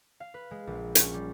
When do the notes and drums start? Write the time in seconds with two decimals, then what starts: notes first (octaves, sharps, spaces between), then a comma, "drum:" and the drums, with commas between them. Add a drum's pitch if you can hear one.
0.20 F5
0.34 B4
0.51 G#3
0.67 A#1
0.95 C#4, drum: hi-hat
1.14 G3